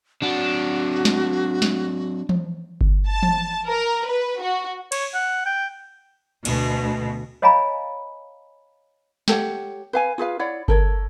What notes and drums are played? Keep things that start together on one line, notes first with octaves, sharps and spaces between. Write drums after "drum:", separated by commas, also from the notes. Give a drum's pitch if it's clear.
F#3 C4 D4 F#4 F#5
drum: snare
drum: snare
drum: tom E3
drum: kick G1
A5
drum: tom E3
A#4
B4
F#4
C#5, drum: cymbal
F#5
G5
D2 B2, drum: cymbal
C#5 D#5 F5 G#5 A#5 B5
G4 A4 C#5 F#5, drum: snare
B4 F5 G#5
F4 G#4 B4 F5
E4 C#5 D5 F#5
A4 A#4 C#5, drum: kick G1